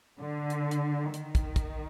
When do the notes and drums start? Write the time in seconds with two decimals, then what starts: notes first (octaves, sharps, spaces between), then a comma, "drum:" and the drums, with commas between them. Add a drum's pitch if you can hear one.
0.19 D3
0.50 drum: hi-hat
0.71 drum: hi-hat
1.14 D#3, drum: hi-hat
1.35 drum: kick, hi-hat
1.56 drum: kick, hi-hat